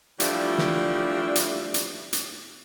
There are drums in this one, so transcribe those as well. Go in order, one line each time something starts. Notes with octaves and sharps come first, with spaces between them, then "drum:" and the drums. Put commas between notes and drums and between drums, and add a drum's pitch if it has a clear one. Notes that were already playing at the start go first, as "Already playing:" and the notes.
E3 F3 G3 A3 D4, drum: hi-hat
drum: snare
drum: hi-hat
drum: hi-hat
drum: hi-hat